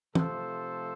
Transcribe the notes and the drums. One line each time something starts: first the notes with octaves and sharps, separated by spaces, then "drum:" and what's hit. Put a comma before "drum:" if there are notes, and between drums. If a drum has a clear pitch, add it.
C3 F3 A3 A4 C5, drum: tom